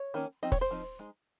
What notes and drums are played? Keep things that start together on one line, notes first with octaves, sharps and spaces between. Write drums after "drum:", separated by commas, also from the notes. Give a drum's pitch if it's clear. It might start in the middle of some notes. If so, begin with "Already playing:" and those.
Already playing: C#5
D#3 A#3 C#4
F3 C4 D#4 D#5
C#5, drum: kick
C5
F3 C4 D#4
G#3 D#4